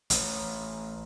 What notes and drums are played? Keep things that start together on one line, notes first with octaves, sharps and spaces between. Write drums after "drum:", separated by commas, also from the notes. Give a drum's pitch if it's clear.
A1, drum: hi-hat